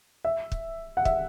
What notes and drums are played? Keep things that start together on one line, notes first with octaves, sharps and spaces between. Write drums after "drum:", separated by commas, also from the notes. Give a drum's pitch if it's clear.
E5
drum: kick
F#5
E5, drum: kick